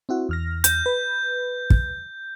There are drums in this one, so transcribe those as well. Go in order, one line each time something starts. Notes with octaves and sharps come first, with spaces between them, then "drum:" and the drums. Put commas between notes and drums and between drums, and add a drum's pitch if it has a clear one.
C4 E4 F#4
E2 F6 A#6
G6, drum: hi-hat
B4
drum: kick